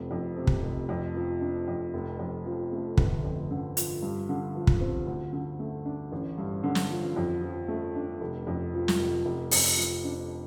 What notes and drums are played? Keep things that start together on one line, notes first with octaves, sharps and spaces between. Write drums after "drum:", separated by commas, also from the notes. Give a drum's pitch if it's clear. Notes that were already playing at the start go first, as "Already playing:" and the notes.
Already playing: F1 F3 C4
F2
C3
drum: kick
F1
F2
F3
D4
F2
F1
F2
F3
A3
G1, drum: kick
F2
D3
F3, drum: hi-hat
G2
D3
F3
drum: kick
C4
D2
D3
A3
D4
A1
G2
D3
drum: snare
F3
F2
F3
A3
D4
F1
F2
F3
drum: snare
F1
F1
F2, drum: open hi-hat
F3
D4